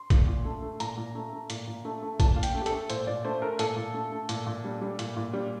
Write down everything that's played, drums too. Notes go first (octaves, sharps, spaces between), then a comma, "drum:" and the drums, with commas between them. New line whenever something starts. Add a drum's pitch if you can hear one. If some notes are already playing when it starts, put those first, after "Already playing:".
Already playing: C6
A#2, drum: kick, hi-hat
A#2
A3
A3
A#2 A#5, drum: hi-hat
A#2
A3
A3
A#2, drum: hi-hat
A#2
A3
A3
A#2 A5, drum: kick, hi-hat
A#2 F5
G5, drum: hi-hat
A3
G4
A4, drum: hi-hat
A3
A#2 C5, drum: hi-hat
A#2 D5
A3 C5
A3 A#4
A#2 A4, drum: hi-hat
A#2
A3
A3
A#2, drum: hi-hat
A#2
G3
G3
A#2, drum: hi-hat
A#2
G3